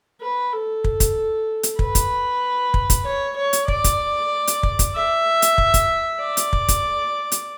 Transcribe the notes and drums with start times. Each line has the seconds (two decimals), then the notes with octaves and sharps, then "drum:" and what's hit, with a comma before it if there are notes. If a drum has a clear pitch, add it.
0.21 B4
0.53 A4
0.84 drum: kick
1.00 drum: kick, hi-hat
1.63 drum: hi-hat
1.79 B4, drum: kick
1.95 drum: kick, hi-hat
2.74 drum: kick
2.90 drum: kick, hi-hat
3.06 C#5
3.38 C#5
3.53 drum: hi-hat
3.68 D5, drum: kick
3.84 drum: kick, hi-hat
4.47 drum: hi-hat
4.63 drum: kick
4.79 drum: kick, hi-hat
4.95 E5
5.42 drum: hi-hat
5.58 drum: kick
5.74 drum: kick, hi-hat
6.21 D5
6.37 drum: hi-hat
6.53 drum: kick
6.68 drum: kick, hi-hat
7.32 drum: hi-hat